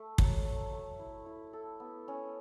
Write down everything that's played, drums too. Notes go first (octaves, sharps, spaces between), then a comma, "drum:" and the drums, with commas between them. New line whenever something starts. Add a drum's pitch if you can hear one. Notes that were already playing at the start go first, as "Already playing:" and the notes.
Already playing: A3
F#3, drum: kick
A3
A3
E4
E4
A4
B3
C#4